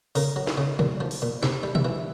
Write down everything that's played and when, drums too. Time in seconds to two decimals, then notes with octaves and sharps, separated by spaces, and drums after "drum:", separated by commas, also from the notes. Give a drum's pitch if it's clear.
0.15 C#3 A#4, drum: open hi-hat
0.36 F#3
0.47 drum: snare
0.57 C#3
0.79 A#2, drum: tom B2
1.00 F3
1.11 drum: open hi-hat
1.22 A#2
1.43 C3 E5, drum: snare
1.63 G3
1.75 E5, drum: tom B2
1.85 E3